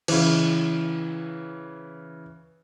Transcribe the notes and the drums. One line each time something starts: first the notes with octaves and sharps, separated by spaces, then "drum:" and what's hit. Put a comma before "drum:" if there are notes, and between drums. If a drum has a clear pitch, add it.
C#3 E3, drum: cymbal